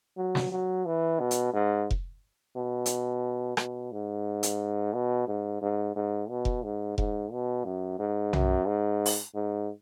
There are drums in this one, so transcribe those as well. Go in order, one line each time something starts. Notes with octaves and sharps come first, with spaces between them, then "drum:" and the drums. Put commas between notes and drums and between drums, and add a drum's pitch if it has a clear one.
F#3
drum: snare
F#3
E3
B2
drum: hi-hat
G#2
drum: kick F1
B2
drum: hi-hat
B2, drum: rim click
G#2
drum: hi-hat
B2
G#2
G#2
G#2
B2
drum: kick F1
G#2
G#2, drum: kick F1
B2
F#2
G#2
F#2, drum: tom B1
G#2
drum: open hi-hat
G#2